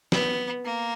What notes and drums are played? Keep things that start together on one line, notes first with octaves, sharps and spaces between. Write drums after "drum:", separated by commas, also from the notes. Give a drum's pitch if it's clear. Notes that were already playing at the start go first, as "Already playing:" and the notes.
B3, drum: snare
A#3